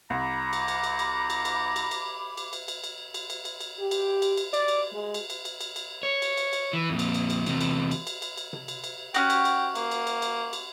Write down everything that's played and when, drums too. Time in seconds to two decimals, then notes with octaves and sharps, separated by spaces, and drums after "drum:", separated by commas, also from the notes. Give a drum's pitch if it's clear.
0.10 C2 A#5 B5 D6
0.53 drum: cymbal
0.68 drum: cymbal
0.84 drum: cymbal
0.99 drum: cymbal
1.30 drum: cymbal
1.45 drum: cymbal
1.76 drum: cymbal
1.91 drum: cymbal
2.37 drum: cymbal
2.53 drum: cymbal
2.68 drum: cymbal
2.84 drum: cymbal
3.14 drum: cymbal
3.30 drum: cymbal
3.45 drum: cymbal
3.61 drum: cymbal
3.80 G4
3.91 drum: cymbal
4.22 drum: cymbal
4.37 drum: cymbal
4.53 D5, drum: cymbal
4.68 drum: cymbal
4.93 G#3
5.14 drum: cymbal
5.30 drum: cymbal
5.45 drum: cymbal
5.61 drum: cymbal
5.76 drum: cymbal
6.03 C#5
6.22 drum: cymbal
6.37 drum: cymbal
6.53 drum: cymbal
6.73 E3
6.90 F2 A#2
6.99 drum: cymbal
7.14 drum: cymbal
7.30 drum: cymbal
7.46 E2 C3, drum: cymbal
7.61 drum: cymbal
7.91 drum: cymbal
8.07 drum: cymbal
8.22 drum: cymbal
8.37 drum: cymbal
8.53 drum: tom C3
8.68 drum: cymbal
8.84 drum: cymbal
9.14 C#4 D#4 F#4 G5, drum: cymbal
9.30 drum: cymbal
9.45 drum: cymbal
9.75 A#3, drum: cymbal
9.91 drum: cymbal
10.07 drum: cymbal
10.22 drum: cymbal
10.53 drum: cymbal